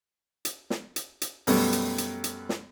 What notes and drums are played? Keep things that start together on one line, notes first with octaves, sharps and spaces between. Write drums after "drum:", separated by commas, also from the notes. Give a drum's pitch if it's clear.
drum: hi-hat
drum: snare
drum: hi-hat
drum: hi-hat
F#2 B2 G3 A3 B3, drum: open hi-hat
drum: hi-hat
drum: hi-hat
drum: hi-hat
drum: snare